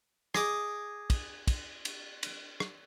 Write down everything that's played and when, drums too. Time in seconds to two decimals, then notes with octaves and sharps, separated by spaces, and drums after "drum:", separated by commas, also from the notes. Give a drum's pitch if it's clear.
0.34 G#4 D#5 G#5 D6 D#6, drum: rim click
1.10 drum: kick, cymbal
1.47 drum: kick, cymbal
1.85 drum: cymbal
2.23 drum: cymbal
2.60 drum: rim click